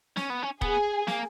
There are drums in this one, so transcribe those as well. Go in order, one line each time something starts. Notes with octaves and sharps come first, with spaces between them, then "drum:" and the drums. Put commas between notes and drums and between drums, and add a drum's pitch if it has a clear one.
C#4, drum: snare
B3
C#4
B3 G#4, drum: kick D#1
A#3, drum: snare